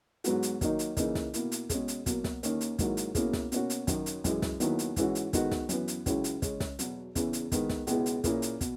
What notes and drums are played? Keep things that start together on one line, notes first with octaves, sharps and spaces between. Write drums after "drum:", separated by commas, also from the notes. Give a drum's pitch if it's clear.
G#2 F#3 B3 F#4, drum: hi-hat
drum: hi-hat
D#3 F#3 A#3 D#4, drum: kick, hi-hat
drum: hi-hat
C#3 E3 A#3 D#4, drum: kick, hi-hat
drum: snare
B2 A#3 E4, drum: hi-hat
drum: hi-hat
B2 G#3 C#4 G#4, drum: kick, hi-hat
drum: hi-hat
B2 F#3 A#3, drum: kick, hi-hat
drum: snare
D#2 D#3 A#3 C#4, drum: hi-hat
drum: hi-hat
G#2 D#3 F#3 A#3 E4, drum: kick, hi-hat
drum: hi-hat
B2 A#3 C#4 E4 G#4, drum: kick, hi-hat
drum: snare
B2 A#3 C#4 F#4, drum: hi-hat
drum: hi-hat
F#2 D#3 F#3, drum: kick, hi-hat
drum: hi-hat
F#2 E3 G#3, drum: kick, hi-hat
drum: snare
D#2 D#3 F#3 B3 E4, drum: hi-hat
drum: hi-hat
G#2 E3 G#3 C#4 F#4, drum: kick, hi-hat
drum: hi-hat
D#3 G#3 B3 D#4 F#4, drum: kick, hi-hat
drum: snare
F#2 E3 B3, drum: hi-hat
drum: hi-hat
C#2 C#3 F#3 C#4 E4, drum: kick, hi-hat
drum: hi-hat
C#3 G#3 C#4, drum: kick, hi-hat
drum: snare
E2 B2 F#3, drum: hi-hat
E2 C#3 E3, drum: kick, hi-hat
drum: hi-hat
D#3 G#3 B3, drum: kick, hi-hat
drum: snare
C#2 B2 G#3 B3 E4, drum: hi-hat
drum: hi-hat
A#2 A#3 C#4 E4 G#4, drum: kick, hi-hat
drum: hi-hat
B2, drum: kick, hi-hat